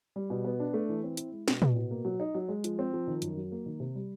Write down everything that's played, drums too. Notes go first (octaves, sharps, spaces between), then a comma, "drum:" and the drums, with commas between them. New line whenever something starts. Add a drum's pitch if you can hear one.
G3
B2
B3
D4
A3
E3
C4
E4, drum: hi-hat
G#3
B2, drum: snare
B3, drum: tom
B2
A#3
F#3
D#4
F#3
G#3
F3, drum: hi-hat
C4
F3
D#3
F#2, drum: hi-hat
F#3
A#3
D#3
C3
G3